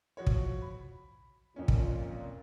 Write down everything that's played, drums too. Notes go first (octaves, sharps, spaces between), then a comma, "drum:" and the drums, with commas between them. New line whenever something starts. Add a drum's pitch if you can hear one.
F3 F#4 C#5
drum: kick
B5
F2 A#2 C#4
drum: kick